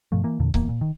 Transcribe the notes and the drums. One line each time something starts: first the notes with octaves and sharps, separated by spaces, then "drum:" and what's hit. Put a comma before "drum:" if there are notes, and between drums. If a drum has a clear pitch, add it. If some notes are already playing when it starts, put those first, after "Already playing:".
G2 B2 F3 A3
E3 A#3
E2 A#2 D3
D1 E2 A#3, drum: kick C#1
A#2
D#3